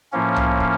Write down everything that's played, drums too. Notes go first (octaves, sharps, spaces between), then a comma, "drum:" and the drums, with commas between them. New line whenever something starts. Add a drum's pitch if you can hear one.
A2 F3 A#3 C#4
drum: tom C2
drum: kick